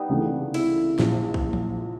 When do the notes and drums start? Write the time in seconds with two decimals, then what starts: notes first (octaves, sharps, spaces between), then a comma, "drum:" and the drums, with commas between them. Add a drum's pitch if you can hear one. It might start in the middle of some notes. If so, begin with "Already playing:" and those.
Already playing: G3 B3 D#4
0.09 C#2 C3 E3 A3 D4
0.54 E4, drum: cymbal
0.98 A#1 A#2 F3, drum: snare
1.34 drum: kick A#1
1.53 drum: tom